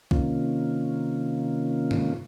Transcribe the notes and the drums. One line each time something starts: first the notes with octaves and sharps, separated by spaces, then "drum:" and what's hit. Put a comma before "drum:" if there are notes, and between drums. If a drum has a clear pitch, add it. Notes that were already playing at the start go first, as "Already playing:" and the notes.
C3 D#3 A#3 C#4 F4, drum: kick C2
drum: tom G2